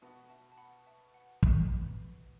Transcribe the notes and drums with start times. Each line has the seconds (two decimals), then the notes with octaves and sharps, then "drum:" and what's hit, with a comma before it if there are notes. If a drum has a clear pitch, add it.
0.01 B2 B3 F#4 E5 A5
0.30 E5 A5
0.52 A5
0.58 F#5 B5
0.86 E5 A5
1.14 F#5
1.43 E5, drum: kick